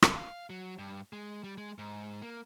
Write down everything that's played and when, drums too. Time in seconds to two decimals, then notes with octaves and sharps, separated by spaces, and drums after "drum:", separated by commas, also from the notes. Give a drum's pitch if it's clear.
0.02 drum: rim click
0.16 F5
0.50 F#3
0.79 G2
1.13 G#3
1.44 G3
1.58 G#3
1.79 G#2
2.22 A#3